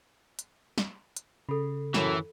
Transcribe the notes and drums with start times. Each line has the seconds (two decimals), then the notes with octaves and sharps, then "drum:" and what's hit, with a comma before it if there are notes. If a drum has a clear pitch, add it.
0.39 drum: hi-hat
0.78 drum: snare
1.17 drum: hi-hat
1.49 C#3 A4 B5
1.94 F#2 A2 E3, drum: snare